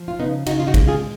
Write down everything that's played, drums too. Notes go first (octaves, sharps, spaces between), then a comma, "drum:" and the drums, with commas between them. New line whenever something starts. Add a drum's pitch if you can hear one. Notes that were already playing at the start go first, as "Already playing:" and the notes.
Already playing: F3
F4
C#3 B3 D#4
C#3 D#4 F#4, drum: cymbal
F4
D#4 F#4
G#3, drum: kick, cymbal
F4 G#4